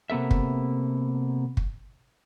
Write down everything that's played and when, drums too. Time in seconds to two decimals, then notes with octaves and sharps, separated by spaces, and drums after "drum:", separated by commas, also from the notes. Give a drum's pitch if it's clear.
0.10 C3 A#3 B3 A4 E5
0.31 drum: kick
1.57 drum: kick